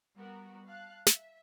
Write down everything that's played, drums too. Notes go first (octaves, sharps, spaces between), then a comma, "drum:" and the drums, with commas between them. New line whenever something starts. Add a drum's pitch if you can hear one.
G3 B3 F#4 A#4
F5 A5 F#6
E5, drum: snare